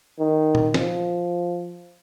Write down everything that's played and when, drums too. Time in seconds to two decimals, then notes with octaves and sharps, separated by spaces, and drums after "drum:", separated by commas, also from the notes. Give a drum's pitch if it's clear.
0.19 D#3
0.55 drum: tom A#2
0.74 F3, drum: snare